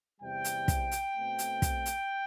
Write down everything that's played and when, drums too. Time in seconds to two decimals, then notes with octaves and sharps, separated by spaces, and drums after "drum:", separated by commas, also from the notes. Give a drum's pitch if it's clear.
0.21 E2 C3 G3 G5
0.44 drum: hi-hat
0.68 drum: kick, hi-hat
0.91 drum: hi-hat
1.15 B2 A3 C4
1.39 drum: hi-hat
1.62 drum: kick, hi-hat
1.86 drum: hi-hat